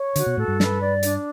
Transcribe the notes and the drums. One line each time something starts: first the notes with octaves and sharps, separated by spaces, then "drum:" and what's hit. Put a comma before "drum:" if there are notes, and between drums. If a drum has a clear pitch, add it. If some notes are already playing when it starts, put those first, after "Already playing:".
Already playing: C#5
D3 F#4, drum: hi-hat
B2
A2 A4
G2
B4, drum: snare
D5
D4, drum: hi-hat